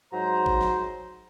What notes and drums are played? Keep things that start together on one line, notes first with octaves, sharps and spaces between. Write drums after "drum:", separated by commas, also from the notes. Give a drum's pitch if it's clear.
G#2 F#3 C5 A#5
drum: kick G#1
drum: snare